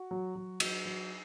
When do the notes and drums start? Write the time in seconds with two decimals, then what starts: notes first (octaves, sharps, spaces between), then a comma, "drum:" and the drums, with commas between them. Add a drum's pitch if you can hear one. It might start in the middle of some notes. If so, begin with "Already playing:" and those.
Already playing: F#4
0.11 F#3
0.36 F#3
0.60 F#3, drum: cymbal
0.85 F#3